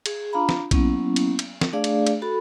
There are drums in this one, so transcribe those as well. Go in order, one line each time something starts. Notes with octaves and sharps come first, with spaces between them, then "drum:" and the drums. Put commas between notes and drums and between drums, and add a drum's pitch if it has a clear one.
G#4, drum: cymbal
D4 F4 F5 A#5 B5
drum: snare
F#3 A#3 B3 C#4 E4, drum: kick, cymbal
drum: cymbal
drum: cymbal
drum: snare
A3 D4 G#4 D5 F5
drum: cymbal
drum: cymbal
F#4 A4 B5